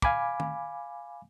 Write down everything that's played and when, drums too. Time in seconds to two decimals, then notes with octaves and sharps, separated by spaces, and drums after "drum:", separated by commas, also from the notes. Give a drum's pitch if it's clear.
0.02 F5 G#5 B5 D6, drum: kick
0.40 drum: tom D#3